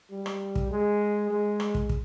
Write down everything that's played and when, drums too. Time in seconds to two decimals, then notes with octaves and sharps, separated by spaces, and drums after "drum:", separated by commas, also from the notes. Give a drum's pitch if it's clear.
0.11 G3
0.26 drum: rim click
0.55 drum: kick
0.71 G#3
1.30 G#3
1.60 drum: rim click
1.75 drum: kick
1.89 drum: kick